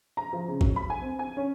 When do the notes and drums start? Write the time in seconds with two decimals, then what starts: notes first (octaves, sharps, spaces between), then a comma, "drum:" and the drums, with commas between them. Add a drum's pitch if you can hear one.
0.17 A#5
0.33 F3
0.48 C#3
0.61 F#3, drum: kick
0.76 B5
0.90 G#5
1.02 C4
1.19 G#5
1.37 C#4